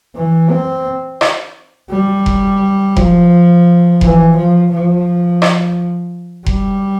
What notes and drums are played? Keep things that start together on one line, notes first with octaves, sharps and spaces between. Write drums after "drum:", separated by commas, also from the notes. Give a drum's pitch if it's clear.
E3
C4
drum: rim click
G3
drum: kick F1
F3, drum: kick F1
E3, drum: kick F1
F3
F3
drum: rim click
G3, drum: kick F1